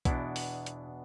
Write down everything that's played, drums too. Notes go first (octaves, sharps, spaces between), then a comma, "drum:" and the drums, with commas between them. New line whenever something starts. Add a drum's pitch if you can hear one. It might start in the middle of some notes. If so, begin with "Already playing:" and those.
E2 B2 B3 D4 E4, drum: kick B1, hi-hat
drum: open hi-hat
drum: hi-hat